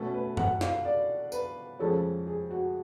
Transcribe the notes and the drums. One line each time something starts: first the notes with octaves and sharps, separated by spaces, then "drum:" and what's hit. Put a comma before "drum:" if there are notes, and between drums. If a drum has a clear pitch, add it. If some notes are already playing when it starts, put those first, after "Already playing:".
Already playing: B2 A3 C#4 A4
B4
F#5, drum: tom F#2
F5, drum: snare
D5
B4, drum: tambourine
F2 C#3 F3 G#3 C#4 A4
G#4
F#4